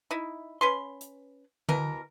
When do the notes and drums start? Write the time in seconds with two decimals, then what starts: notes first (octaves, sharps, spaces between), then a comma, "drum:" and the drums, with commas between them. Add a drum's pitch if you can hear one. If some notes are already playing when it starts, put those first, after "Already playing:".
0.11 D#4 E4
0.61 C#4 B4 C6
1.01 drum: hi-hat
1.69 B2 E3 A#4, drum: tom D3